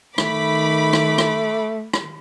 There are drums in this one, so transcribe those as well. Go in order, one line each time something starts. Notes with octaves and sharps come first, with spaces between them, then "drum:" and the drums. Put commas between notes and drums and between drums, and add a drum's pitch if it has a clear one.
D#3 A3 B5 D6, drum: rim click
drum: rim click
drum: rim click
drum: rim click